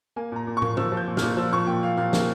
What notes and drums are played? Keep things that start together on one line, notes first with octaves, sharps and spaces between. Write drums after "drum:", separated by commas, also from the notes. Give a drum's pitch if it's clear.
A#3 G#5
A#2 A#5
A#2
C#6
A#3, drum: tom
F3 E6, drum: tom
F3
G6
A#2
F6, drum: snare
A#2
F3 E6
A#2 C#6
A#2 G5
A#2 F5
A#2 F5
A#3, drum: snare